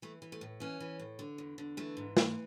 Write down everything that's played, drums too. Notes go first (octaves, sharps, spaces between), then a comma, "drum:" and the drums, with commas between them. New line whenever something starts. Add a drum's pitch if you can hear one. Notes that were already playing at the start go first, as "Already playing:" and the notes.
E3 A3
E3
A3
A2
E3 C#4
E3
A2
D3
E2
D3
E3 A3
G#2
E3, drum: snare